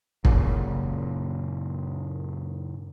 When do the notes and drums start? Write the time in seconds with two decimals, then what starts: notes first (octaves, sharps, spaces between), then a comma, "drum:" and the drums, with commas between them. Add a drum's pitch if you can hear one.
0.25 F#2 A#2 C#3, drum: kick